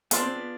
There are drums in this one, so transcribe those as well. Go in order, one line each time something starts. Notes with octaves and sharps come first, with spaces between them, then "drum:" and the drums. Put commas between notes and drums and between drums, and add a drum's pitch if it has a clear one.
B3 D4 F4 G#4, drum: hi-hat
C4
B3